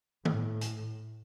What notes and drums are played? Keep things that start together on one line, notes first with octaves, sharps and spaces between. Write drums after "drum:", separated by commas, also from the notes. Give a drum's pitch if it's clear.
A2, drum: tom
drum: hi-hat